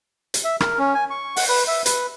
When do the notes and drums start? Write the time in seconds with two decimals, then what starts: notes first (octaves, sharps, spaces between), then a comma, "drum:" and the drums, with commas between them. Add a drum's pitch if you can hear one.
0.34 drum: hi-hat
0.45 E5
0.60 A#4, drum: rim click
0.78 C#4
0.94 G#5
1.10 C#6
1.36 F#5, drum: open hi-hat
1.49 B4
1.68 E5
1.86 B4, drum: hi-hat